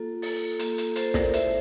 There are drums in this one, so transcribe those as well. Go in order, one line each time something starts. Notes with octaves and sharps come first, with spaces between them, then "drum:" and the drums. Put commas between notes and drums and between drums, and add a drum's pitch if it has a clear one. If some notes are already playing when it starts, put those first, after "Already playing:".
Already playing: A#3 F4 A4
A4, drum: open hi-hat
A#3 F4, drum: hi-hat
drum: hi-hat
A4 C5, drum: hi-hat
A#4 D5, drum: snare
A3 E4 C5 E5, drum: hi-hat